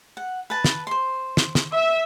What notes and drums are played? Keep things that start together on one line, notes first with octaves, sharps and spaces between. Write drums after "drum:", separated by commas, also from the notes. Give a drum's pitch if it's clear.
F#5
B4 A5
drum: snare
C5 C6
drum: snare
drum: snare
E5